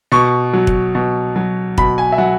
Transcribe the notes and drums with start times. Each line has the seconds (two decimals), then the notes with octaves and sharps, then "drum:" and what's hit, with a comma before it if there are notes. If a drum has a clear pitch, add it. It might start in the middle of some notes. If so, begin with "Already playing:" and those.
0.12 B2 C#6
0.53 F#3
0.67 drum: kick
0.95 B2
1.36 F#3
1.78 B2 B5, drum: kick
1.98 G#5
2.12 E5
2.18 F#3 F#5